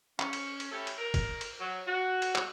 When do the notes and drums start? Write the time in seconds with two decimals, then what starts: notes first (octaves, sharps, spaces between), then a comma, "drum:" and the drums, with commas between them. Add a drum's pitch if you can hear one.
0.19 C#4, drum: clap
0.33 drum: cymbal
0.60 drum: cymbal
0.72 A3 C#4 E4 G4 A4
0.87 drum: cymbal
0.98 A#4
1.14 drum: kick, cymbal
1.41 drum: cymbal
1.60 F#3
1.87 F#4
2.22 drum: cymbal
2.36 drum: clap